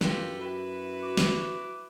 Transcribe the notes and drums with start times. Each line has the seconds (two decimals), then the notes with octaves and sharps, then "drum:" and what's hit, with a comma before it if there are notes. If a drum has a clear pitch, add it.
0.01 F#2 F4 G4 A4 B4, drum: snare
0.39 E4 F#4 B4
1.03 D6
1.17 drum: snare